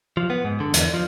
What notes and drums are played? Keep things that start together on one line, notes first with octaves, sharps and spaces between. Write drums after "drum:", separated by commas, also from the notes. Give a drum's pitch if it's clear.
F3
B3
G#2
D3
E2, drum: hi-hat
F3